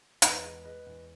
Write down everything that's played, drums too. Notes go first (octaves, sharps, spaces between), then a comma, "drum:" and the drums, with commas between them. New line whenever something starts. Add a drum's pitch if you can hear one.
E2 B4 D#5, drum: hi-hat
G#3
G#3 B4 D#5
E2